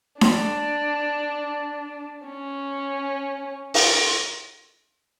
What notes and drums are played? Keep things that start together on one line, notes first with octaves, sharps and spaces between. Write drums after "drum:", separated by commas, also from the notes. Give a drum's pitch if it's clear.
D4, drum: snare D4
C#4
drum: open hi-hat